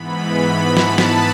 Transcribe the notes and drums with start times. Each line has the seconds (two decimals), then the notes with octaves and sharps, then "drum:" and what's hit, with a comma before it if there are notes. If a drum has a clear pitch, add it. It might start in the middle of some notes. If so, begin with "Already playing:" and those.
Already playing: G#2 E3 B3 B5
0.34 B5
0.77 A5, drum: snare
0.98 drum: snare